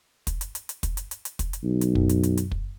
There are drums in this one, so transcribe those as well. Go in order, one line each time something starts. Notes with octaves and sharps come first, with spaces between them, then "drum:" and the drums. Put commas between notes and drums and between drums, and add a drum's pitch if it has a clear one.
drum: kick, hi-hat
drum: hi-hat
drum: hi-hat
drum: hi-hat
drum: kick, hi-hat
drum: hi-hat
drum: hi-hat
drum: hi-hat
drum: kick, hi-hat
drum: hi-hat
B1
drum: hi-hat
F#2, drum: kick
drum: hi-hat
drum: hi-hat
drum: hi-hat
drum: kick